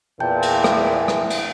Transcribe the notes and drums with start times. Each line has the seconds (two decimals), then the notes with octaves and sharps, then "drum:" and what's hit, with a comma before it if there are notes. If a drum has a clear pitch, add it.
0.20 E2 A#2 E3 G5 A5 G6
0.42 drum: cymbal
0.64 drum: rim click
1.08 drum: rim click
1.30 drum: cymbal